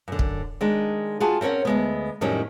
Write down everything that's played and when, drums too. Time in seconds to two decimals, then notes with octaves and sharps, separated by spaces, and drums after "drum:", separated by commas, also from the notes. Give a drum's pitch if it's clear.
0.08 F#2 D3
0.19 drum: kick
0.61 D#3 G#3 D4
1.20 F4 F#4 G#4 A5
1.41 C4 C#4 A#4 C#5 F#5
1.65 D2 G#3 B3
2.21 F2 A2 D#3 F#3 G3 C#4